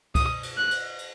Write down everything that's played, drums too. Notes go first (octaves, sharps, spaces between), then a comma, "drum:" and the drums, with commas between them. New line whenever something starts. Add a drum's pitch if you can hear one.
D#6, drum: kick C#2, cymbal
drum: cymbal
F#6
drum: cymbal
drum: cymbal